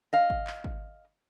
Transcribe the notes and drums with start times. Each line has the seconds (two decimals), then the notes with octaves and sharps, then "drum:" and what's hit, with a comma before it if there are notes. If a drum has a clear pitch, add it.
0.13 D#5 F5
0.30 drum: kick G#1
0.47 drum: clap
0.64 drum: kick G#1